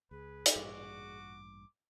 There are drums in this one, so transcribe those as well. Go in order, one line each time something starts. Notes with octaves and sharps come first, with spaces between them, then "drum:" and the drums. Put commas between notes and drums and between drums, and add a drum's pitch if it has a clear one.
C#2 G#4 B4
drum: hi-hat
A1 G2 A#2 F#4 D6